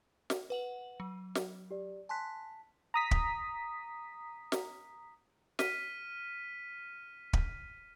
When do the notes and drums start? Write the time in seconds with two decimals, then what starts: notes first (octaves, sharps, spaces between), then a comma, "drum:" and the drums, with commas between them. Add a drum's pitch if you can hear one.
0.30 drum: snare
0.50 B4 F#5 F#7
1.00 F#3
1.35 drum: snare
1.71 G4 D5
2.09 G#5 A5 C6 F#6 B6
2.94 A#5 D#6 B6
3.11 drum: kick
4.52 drum: snare
5.59 F6 B6 D#7, drum: snare
7.33 drum: kick